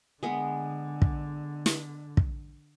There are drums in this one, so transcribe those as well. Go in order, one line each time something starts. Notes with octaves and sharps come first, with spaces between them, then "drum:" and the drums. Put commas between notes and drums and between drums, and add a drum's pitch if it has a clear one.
D3 G#3 B3
drum: kick
drum: snare
drum: kick